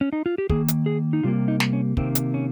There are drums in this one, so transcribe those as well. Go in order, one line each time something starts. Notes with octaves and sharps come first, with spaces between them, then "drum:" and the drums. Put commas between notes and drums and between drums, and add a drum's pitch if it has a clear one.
C#4
D#4
F4
G4
D#3 A#3 G#4, drum: kick
drum: hi-hat
G#4
D#4
C3 G3 A#3 F4
D#4
drum: snare
C#4
C3 D#3 A#3 C4, drum: kick
drum: hi-hat
C#4